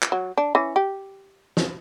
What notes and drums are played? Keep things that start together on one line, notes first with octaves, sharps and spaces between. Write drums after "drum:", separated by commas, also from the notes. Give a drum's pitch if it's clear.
drum: clap
F#3
D4
E3 C#4
G4
drum: snare